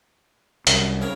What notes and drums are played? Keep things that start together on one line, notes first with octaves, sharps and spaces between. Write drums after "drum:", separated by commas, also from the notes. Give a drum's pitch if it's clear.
C2 F#2, drum: hi-hat
C#3 A#4 C#5